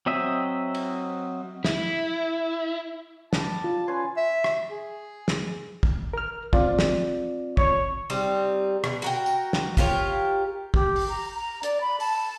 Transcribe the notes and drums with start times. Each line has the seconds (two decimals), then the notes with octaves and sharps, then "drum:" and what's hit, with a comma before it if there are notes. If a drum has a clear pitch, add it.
0.06 F#3 C4 D#5 E5
0.75 drum: cymbal
1.65 E4, drum: snare
3.33 G3 A5 B5, drum: snare
3.64 F4
3.88 C#4 B4 G#5 C6
4.17 E5
4.44 drum: rim click
4.71 G#4
5.28 drum: snare
5.83 drum: kick
6.13 A#4 F6
6.53 C4 F4 D5, drum: kick
6.79 drum: snare
7.57 C#5, drum: kick
8.10 G3 C4 D#4
8.84 B2, drum: rim click
9.02 F#4 A#4 G5
9.26 drum: tambourine
9.53 drum: snare
9.77 F4 G4 A#4 C#5, drum: kick
10.74 G4, drum: kick
10.96 drum: open hi-hat
11.09 A#5
11.35 A#5
11.63 D5, drum: hi-hat
11.81 B5
12.00 A5, drum: open hi-hat